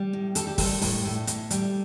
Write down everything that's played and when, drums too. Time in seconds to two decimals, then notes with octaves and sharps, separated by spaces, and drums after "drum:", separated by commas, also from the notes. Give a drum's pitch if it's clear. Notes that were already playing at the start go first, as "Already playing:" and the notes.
Already playing: G3
0.13 A2
0.35 G3 A4, drum: hi-hat
0.47 G4
0.58 G3 A4, drum: kick, open hi-hat
0.82 A2, drum: open hi-hat
1.05 A2
1.27 A2, drum: hi-hat
1.50 G3, drum: hi-hat